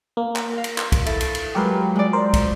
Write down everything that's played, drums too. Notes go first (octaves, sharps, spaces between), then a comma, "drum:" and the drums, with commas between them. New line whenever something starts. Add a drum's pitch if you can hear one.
A#3
drum: clap
A#4 F5
drum: cymbal
drum: clap
drum: kick, cymbal
E4 A4, drum: cymbal
drum: cymbal
drum: cymbal
F#3 G#3 F4 G4 A#4 B4
G#3 D5
A#4 C5
drum: kick, cymbal